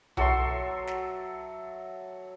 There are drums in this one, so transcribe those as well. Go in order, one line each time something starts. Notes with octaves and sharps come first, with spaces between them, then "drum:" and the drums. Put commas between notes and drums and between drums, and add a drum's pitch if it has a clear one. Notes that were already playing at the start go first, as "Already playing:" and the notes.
F#3 A4 E5 C6, drum: tom B1
drum: snare